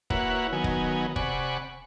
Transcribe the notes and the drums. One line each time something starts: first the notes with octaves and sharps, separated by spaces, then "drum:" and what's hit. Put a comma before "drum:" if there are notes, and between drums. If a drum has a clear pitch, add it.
A#3 E4 F#4 B4 C#5 F#5, drum: kick
D#3 F#3 B3 G#5
drum: kick
C3 D5 F#5 G#5 B5 C#6, drum: kick